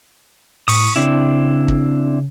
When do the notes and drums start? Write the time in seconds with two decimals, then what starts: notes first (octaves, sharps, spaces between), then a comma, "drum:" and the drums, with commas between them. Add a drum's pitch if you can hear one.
0.68 A2 C#6 D#6, drum: open hi-hat
0.96 C#3 C4 D4 E4
1.68 drum: kick